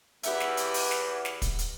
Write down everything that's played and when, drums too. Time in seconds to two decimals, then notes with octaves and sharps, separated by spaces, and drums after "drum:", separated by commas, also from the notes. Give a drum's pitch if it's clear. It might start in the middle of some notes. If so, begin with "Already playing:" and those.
0.23 E2 G4 B4 E5 F#5, drum: hi-hat
0.40 drum: snare
0.57 drum: hi-hat
0.74 drum: open hi-hat
0.91 drum: snare
1.25 drum: snare
1.42 drum: kick, hi-hat
1.59 drum: hi-hat